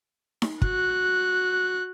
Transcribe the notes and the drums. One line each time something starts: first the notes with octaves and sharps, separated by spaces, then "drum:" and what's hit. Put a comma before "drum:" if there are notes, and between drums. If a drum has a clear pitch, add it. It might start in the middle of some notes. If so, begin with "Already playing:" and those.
drum: snare D#4
F#4 F#6, drum: kick